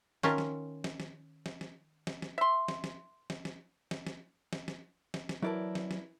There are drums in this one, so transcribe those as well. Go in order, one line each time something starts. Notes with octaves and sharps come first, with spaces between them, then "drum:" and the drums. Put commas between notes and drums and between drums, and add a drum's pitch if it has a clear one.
D#3 C#4 F4 A#4 E5 A5, drum: snare
drum: snare
drum: snare
drum: snare
drum: snare
drum: snare
drum: snare
drum: snare
E5 C6
drum: snare
drum: snare
drum: snare
drum: snare
drum: snare
drum: snare
drum: snare
drum: snare
drum: snare
drum: snare
E3 F#3 E4 A#4 D5 A5
drum: snare
drum: snare